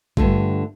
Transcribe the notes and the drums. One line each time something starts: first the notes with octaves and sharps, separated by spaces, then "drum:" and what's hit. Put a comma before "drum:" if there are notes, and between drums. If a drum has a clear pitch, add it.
G2 D3 A3 F4, drum: kick